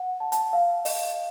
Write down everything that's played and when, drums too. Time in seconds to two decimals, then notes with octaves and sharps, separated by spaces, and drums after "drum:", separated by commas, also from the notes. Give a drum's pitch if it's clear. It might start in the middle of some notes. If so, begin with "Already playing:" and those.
Already playing: F#5
0.20 A5
0.32 A5, drum: hi-hat
0.53 F5
0.85 D#5, drum: open hi-hat